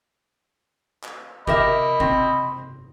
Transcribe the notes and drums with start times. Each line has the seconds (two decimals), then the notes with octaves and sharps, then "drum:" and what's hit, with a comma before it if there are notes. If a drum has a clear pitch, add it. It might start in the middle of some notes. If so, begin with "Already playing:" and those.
1.04 drum: clap
1.47 G4 A#4 D#5 E5 B5, drum: kick G1
2.00 C4, drum: kick G1